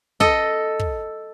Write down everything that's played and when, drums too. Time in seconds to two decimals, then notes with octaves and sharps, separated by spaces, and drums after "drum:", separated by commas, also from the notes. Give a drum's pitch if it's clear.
0.20 A4 D#5, drum: kick
0.79 drum: kick